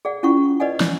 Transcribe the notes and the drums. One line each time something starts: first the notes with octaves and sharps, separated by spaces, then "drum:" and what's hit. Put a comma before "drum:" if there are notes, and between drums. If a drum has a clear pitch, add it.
G#4 D5 F#5
C#4 E4 F4 F#5 C#6
B4 D5 D#5 F#5 G#5
drum: snare